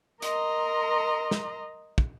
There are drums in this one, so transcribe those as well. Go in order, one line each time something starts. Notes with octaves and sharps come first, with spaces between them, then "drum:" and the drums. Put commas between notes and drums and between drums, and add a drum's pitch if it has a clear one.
A#4 D#5 A#5 C6, drum: hi-hat
drum: snare
drum: kick